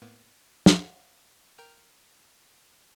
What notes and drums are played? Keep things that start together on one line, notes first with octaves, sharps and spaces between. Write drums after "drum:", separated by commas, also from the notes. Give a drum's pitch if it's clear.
A2 A#3 B3
drum: snare
A#4 G5 F6